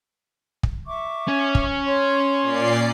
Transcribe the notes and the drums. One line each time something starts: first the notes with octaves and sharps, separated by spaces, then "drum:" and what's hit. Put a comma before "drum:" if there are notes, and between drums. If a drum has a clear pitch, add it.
drum: kick
E5 C#6 D6
C#4
drum: kick
C#5 C6
A#2 D5 C7